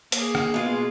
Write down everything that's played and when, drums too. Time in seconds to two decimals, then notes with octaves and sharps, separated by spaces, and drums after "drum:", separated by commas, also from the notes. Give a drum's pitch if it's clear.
0.12 A#3 G#4, drum: hi-hat
0.35 drum: rim click
0.54 B2 G#3 F4